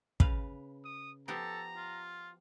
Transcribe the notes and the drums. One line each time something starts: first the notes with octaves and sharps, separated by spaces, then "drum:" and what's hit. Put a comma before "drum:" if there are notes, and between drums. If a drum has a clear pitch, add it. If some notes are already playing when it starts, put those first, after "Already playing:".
C#3 B4 F5, drum: kick
D#6
F3 B3 G4 A4 A#5
F4